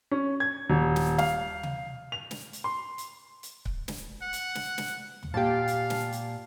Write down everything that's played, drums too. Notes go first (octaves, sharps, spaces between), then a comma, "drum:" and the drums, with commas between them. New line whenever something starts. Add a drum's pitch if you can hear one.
C#4
G#6
D#1
drum: snare
F5, drum: snare
drum: tom C3
F7
drum: snare
drum: hi-hat
C6
drum: hi-hat
drum: hi-hat
drum: kick C#1
drum: snare
F#5
drum: hi-hat
drum: snare
drum: snare
drum: tom
A#2 G4 F5 A5
drum: hi-hat
drum: snare
drum: hi-hat